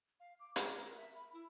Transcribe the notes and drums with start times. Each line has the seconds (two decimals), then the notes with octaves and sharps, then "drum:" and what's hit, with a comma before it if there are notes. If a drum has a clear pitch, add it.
0.20 F5
0.40 D6
0.56 A#4, drum: hi-hat
0.97 E5
1.15 B5
1.33 E4